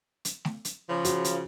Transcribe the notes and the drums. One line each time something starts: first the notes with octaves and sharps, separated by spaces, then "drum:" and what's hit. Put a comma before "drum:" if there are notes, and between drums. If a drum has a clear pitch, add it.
drum: hi-hat
drum: snare A3
drum: hi-hat
C#3 F3
F#4, drum: hi-hat
drum: hi-hat